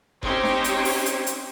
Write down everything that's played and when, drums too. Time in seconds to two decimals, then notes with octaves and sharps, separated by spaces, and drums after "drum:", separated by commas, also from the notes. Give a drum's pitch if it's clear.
0.23 C4 C#4 D#4 G4 C5 C#5, drum: kick F#1
0.43 drum: snare D4
0.64 drum: hi-hat
0.85 drum: open hi-hat
1.06 drum: hi-hat
1.27 drum: hi-hat